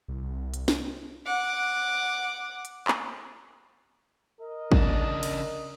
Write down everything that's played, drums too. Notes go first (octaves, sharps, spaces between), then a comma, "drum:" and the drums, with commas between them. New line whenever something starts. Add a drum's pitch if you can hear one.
C2
drum: hi-hat
drum: snare
F#5 D6
drum: hi-hat
drum: clap
A#4 D#5
C#3 D4, drum: kick
drum: cymbal